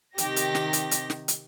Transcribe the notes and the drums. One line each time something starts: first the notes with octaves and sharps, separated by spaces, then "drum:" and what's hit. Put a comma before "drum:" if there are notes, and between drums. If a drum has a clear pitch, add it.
C3 D#3 G4 A#6, drum: hi-hat
drum: hi-hat
drum: snare
drum: hi-hat
drum: hi-hat
drum: snare
drum: hi-hat